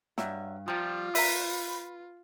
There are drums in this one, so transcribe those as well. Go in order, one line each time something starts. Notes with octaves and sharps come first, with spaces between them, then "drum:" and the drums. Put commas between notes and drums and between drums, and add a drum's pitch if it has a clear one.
G2 F#3 G4 E5, drum: snare
C3 F3 G3 F4 G4
B4 E5 A#5, drum: open hi-hat